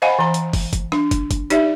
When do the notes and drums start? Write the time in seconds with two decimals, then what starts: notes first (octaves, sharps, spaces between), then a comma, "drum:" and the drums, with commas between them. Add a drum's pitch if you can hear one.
0.02 C5 D#5 F5 F#5 G#5 B5
0.19 E3 A#5
0.34 drum: hi-hat
0.53 drum: kick, open hi-hat
0.73 drum: kick, hi-hat
0.92 D4, drum: rim click
1.11 drum: kick, hi-hat
1.31 drum: kick, hi-hat
1.50 D#4 G4 D5 E5, drum: hi-hat